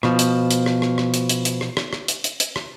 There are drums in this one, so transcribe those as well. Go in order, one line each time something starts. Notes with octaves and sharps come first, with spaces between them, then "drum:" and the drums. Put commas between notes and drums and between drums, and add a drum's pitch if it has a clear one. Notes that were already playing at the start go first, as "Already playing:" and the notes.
B2 F3, drum: rim click
drum: hi-hat
drum: hi-hat
drum: rim click
drum: rim click
drum: rim click
drum: hi-hat
drum: hi-hat
drum: hi-hat
drum: rim click
drum: rim click
drum: rim click
drum: hi-hat
drum: hi-hat
drum: hi-hat
drum: rim click